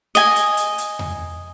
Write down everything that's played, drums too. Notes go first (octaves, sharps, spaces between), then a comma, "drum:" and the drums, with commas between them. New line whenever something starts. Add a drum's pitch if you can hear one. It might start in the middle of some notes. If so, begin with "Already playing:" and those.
D#5 G#5, drum: hi-hat
drum: hi-hat
drum: hi-hat
drum: hi-hat
drum: tom E2